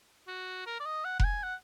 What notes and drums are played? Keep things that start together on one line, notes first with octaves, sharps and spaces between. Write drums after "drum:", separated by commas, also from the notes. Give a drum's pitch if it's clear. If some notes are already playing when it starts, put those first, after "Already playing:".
F#4
A#4
D5
D#5
F#5
F#5, drum: kick F1
G#5
F#5